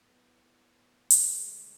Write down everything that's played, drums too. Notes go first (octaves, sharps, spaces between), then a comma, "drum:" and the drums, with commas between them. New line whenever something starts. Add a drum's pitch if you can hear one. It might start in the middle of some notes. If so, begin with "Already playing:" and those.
Already playing: A2 F#3 B3
D2 D3 G#3, drum: hi-hat